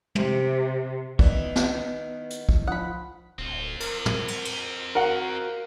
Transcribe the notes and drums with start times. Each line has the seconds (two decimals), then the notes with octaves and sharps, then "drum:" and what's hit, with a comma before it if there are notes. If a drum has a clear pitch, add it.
0.15 C3, drum: tom
1.19 D#3 B3 E4 D5, drum: kick
1.56 drum: snare
2.30 drum: hi-hat
2.49 drum: kick
2.67 F3 F4 F#5 B5 D#6
3.39 D1 C4 F4
3.80 A#4, drum: cymbal
4.06 drum: tom
4.28 drum: cymbal
4.45 drum: cymbal
4.95 F#4 A#4 F5 F#5